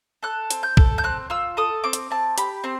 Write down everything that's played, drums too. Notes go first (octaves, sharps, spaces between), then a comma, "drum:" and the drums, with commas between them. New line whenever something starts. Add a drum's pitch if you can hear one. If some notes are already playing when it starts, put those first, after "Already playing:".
A4 F#6
C4, drum: hi-hat
G6
A4, drum: kick A#1
G6
C4 F#6
F4 E6
A4 D#6
C4 D6
drum: hi-hat
C4 A5
G4 B5, drum: hi-hat
C4 C6